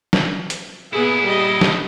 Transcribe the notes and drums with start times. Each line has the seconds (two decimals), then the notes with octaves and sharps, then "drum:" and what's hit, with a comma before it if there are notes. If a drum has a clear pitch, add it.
0.13 drum: snare
0.50 drum: hi-hat
0.93 A#2 B3 E4 G#4
1.24 G3 D#5
1.61 drum: snare